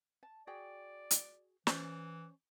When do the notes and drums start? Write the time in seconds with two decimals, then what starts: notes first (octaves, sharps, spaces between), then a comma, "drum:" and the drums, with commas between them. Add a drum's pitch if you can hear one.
0.23 A5
0.47 F#4 G#4 D5 G5
1.11 drum: hi-hat
1.67 E3 C#4 C5 D5, drum: snare